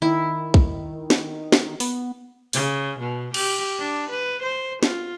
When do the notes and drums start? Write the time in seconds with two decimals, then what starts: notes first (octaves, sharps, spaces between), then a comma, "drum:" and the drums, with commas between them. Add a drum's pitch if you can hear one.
0.02 D#3 E4
0.54 drum: kick
1.10 drum: snare
1.52 drum: snare
1.80 B3, drum: open hi-hat
2.53 C#3, drum: open hi-hat
3.00 B2
3.34 G4, drum: cymbal
3.79 D4
4.09 B4
4.43 C5
4.83 F4, drum: snare